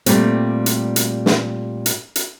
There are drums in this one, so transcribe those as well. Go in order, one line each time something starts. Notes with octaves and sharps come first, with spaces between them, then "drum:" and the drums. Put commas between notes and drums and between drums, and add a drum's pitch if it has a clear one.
A#2 G3 A3 C4, drum: hi-hat
drum: hi-hat
drum: hi-hat
drum: snare
drum: hi-hat
drum: hi-hat